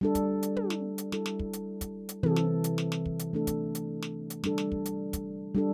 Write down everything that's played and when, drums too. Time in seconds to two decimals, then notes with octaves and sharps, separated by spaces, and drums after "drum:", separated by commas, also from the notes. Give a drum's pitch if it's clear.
0.01 G3 D4 A4
0.15 drum: kick, hi-hat
0.43 drum: hi-hat
0.56 drum: tom
0.70 drum: snare
0.98 drum: hi-hat
1.12 G3 E4 A4, drum: snare
1.26 drum: snare
1.39 drum: kick
1.53 drum: hi-hat
1.81 drum: kick, hi-hat
2.09 drum: hi-hat
2.23 C3 E3 C4 A4, drum: tom
2.36 drum: snare
2.64 drum: hi-hat
2.78 drum: snare
2.92 drum: snare
3.06 drum: kick
3.19 drum: hi-hat
3.33 A3 D4 A4
3.47 drum: kick, hi-hat
3.75 drum: hi-hat
4.02 drum: snare
4.30 drum: hi-hat
4.44 G3 D4 A4, drum: snare
4.58 drum: snare
4.72 drum: kick
4.85 drum: hi-hat
5.13 drum: kick, hi-hat
5.55 G3 D4 A4